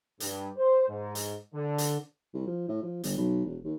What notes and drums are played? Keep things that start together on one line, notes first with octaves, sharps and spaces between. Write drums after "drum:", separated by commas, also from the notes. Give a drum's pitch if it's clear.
G2, drum: hi-hat
C5
G#2
drum: hi-hat
D3
drum: hi-hat
C2
F3
A2
F3
G1, drum: hi-hat
B1
E1
D#2